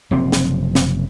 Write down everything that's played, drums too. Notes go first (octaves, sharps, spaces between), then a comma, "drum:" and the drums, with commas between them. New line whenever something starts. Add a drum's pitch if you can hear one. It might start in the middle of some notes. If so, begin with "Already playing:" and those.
F#1 C3 F3 C4
drum: snare
drum: snare